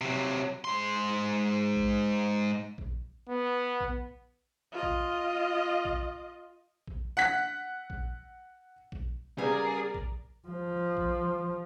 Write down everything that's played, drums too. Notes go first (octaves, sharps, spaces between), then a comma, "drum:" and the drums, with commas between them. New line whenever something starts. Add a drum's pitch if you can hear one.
C3 F#3
G#2 C6
drum: kick A#1
drum: kick A#1
B3
drum: kick A#1
F4 D#5
drum: kick A#1
drum: kick A#1
drum: kick A#1
F#5 B6
drum: kick A#1
drum: kick A#1
C#3 G3 B3 G#4 A#4 D5
drum: kick A#1
F3
drum: kick A#1